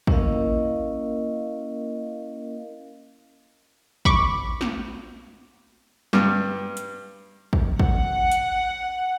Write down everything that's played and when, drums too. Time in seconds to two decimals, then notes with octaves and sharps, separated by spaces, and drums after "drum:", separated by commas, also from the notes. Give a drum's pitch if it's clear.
0.07 A#3 C#4 E4 A#4 D#5 F5, drum: kick
4.05 B5 C#6 D6, drum: kick
4.61 drum: snare
6.13 G2, drum: snare
6.77 drum: hi-hat
7.53 drum: kick
7.80 F#5, drum: kick
8.32 drum: hi-hat